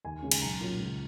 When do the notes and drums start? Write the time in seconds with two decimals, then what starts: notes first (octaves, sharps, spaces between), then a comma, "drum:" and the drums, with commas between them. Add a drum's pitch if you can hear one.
0.05 D#2 G#5
0.22 C#3 G#3 C#4
0.31 G#5, drum: cymbal
0.41 B1 A#5
0.61 A#2 F#3 C#4
0.79 C#2